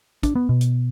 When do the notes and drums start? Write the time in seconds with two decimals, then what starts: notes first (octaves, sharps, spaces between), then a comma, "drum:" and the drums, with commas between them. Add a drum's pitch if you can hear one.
0.23 D4, drum: kick, hi-hat
0.35 B3
0.49 B2
0.61 drum: hi-hat